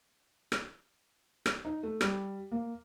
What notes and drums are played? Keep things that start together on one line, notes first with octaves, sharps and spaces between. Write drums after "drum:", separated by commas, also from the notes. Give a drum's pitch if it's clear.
drum: rim click
drum: rim click
D#4
A3
G3, drum: rim click
A#3